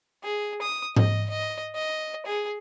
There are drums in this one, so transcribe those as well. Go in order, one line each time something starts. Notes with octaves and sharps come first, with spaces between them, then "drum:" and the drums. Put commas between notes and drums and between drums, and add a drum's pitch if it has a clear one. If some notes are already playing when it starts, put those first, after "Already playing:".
G#4
D#6
D#5, drum: tom G#2
D#5
D#5
G#4